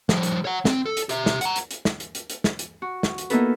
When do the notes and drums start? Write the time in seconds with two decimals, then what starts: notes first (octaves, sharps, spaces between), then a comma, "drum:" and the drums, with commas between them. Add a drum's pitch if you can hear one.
0.09 F3 G3, drum: snare
0.23 drum: hi-hat
0.45 C#5 F#5
0.65 C4, drum: snare
0.86 A4
0.97 drum: hi-hat
1.09 G4 E5, drum: hi-hat
1.26 drum: snare
1.41 F#5 A#5, drum: hi-hat
1.56 drum: hi-hat
1.71 drum: hi-hat
1.85 drum: snare
2.00 drum: hi-hat
2.15 drum: hi-hat
2.30 drum: hi-hat
2.44 drum: snare
2.59 drum: hi-hat
2.82 F#4
3.03 drum: snare
3.18 drum: hi-hat
3.30 A#3 B3 D#4 E4 A4 B4, drum: hi-hat